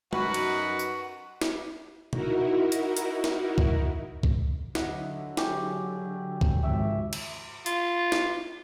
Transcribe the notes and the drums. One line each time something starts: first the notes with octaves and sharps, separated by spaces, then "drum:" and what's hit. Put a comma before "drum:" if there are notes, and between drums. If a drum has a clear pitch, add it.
F#2 D#4 F#4 B4, drum: tom
drum: cymbal
drum: tambourine
drum: snare
D#4 E4 F#4 A#4, drum: tom B2
drum: hi-hat
drum: hi-hat
drum: snare
drum: kick
drum: kick
D3 F#3 D#5 E5 F#5, drum: snare
G4 G#4 C#5, drum: snare
drum: kick
G#1 C#3 F3 C#5 E5 G5
drum: cymbal
F4, drum: hi-hat
drum: snare